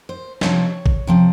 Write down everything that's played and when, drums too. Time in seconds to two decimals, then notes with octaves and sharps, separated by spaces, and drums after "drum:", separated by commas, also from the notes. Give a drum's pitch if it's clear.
0.09 C5
0.41 C3 F3 C4 C#5, drum: snare
0.86 drum: kick G#1
1.07 C3 F3 C4